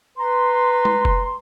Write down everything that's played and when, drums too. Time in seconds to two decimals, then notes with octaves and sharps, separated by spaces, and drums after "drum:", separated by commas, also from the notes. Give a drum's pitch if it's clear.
0.18 B4 A#5 C6
0.85 drum: tom G#3
1.05 drum: kick F1